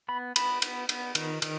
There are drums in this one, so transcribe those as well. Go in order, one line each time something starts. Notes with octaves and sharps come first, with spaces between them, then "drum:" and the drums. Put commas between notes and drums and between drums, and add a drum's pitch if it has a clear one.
B3 B5
B3 B5, drum: cymbal
B3, drum: cymbal
B3, drum: cymbal
D#3, drum: cymbal
D#3, drum: cymbal